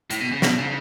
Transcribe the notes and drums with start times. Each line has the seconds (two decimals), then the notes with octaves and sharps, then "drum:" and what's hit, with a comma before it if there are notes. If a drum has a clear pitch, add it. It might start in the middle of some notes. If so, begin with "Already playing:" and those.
0.11 A2, drum: hi-hat
0.21 B2
0.32 C#3
0.42 B2, drum: snare
0.58 C#3